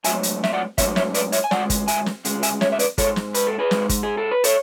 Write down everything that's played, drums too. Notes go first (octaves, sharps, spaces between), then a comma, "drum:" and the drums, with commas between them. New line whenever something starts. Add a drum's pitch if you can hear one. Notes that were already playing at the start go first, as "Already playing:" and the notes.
G#2 F#3 A3 E5 G#5, drum: hi-hat
drum: hi-hat
E5, drum: snare
D5 F#5
G#2 F#3 A3 C#5 E5, drum: kick, hi-hat
C#5 E5, drum: snare
B4 D5, drum: hi-hat
C#5 E5, drum: hi-hat
G#5
D2 C#3 G#3 D5 F#5, drum: snare
drum: kick, hi-hat
E5 G#5, drum: hi-hat
drum: snare
D2 C#3 G#3, drum: hi-hat
E5 G#5, drum: hi-hat
C#5 E5, drum: snare
E5
B4 D5, drum: hi-hat
G#2 G#3 A4 C#5, drum: kick, hi-hat
drum: snare
B4, drum: hi-hat
A4
G#4 B4
G#2 G#3, drum: snare
drum: kick, hi-hat
G#4
A4
B4
A4 C#5, drum: hi-hat